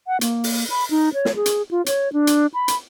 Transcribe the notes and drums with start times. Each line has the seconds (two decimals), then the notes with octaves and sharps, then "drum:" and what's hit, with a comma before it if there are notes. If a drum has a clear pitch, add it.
0.07 F#5
0.21 A#3, drum: hi-hat
0.44 drum: open hi-hat
0.70 B5
0.90 D#4
1.14 C#5
1.25 drum: snare
1.36 G#4
1.46 drum: hi-hat
1.71 F4
1.86 C#5, drum: hi-hat
2.13 D4
2.27 drum: hi-hat
2.54 B5
2.68 drum: hi-hat